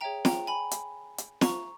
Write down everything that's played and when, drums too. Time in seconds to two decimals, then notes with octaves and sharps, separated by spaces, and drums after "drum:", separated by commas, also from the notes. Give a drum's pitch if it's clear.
0.01 G#4 C#5 E5 G5 A#5
0.25 G5 A#5, drum: snare
0.47 G#5 B5
0.71 drum: hi-hat
1.18 drum: hi-hat
1.41 A#5 C#6, drum: snare